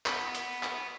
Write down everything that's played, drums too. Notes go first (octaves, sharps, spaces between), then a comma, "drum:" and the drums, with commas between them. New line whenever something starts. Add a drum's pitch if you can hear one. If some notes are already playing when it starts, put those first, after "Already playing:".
F#5 B5, drum: clap
drum: hi-hat
drum: clap